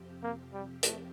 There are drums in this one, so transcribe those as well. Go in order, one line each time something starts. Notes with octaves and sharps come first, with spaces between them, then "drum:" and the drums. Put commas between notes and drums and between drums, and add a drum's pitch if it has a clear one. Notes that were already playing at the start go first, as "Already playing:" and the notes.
Already playing: F2 C3 F3 C4 G4
A#3
G3
A3, drum: hi-hat